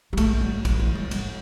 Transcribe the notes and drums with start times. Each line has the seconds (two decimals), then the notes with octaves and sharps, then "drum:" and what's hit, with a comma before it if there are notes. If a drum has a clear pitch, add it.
0.13 G3
0.17 A3, drum: kick A#1, cymbal
0.41 G3
0.65 F#3, drum: kick A#1, cymbal
0.80 E3
0.95 G3
1.11 G3, drum: cymbal